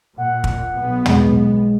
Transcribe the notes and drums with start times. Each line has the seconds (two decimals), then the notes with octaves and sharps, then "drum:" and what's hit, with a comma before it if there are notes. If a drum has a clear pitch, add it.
0.18 A#2 F#5
0.44 drum: kick
0.76 B1 B3
1.06 G#3, drum: tom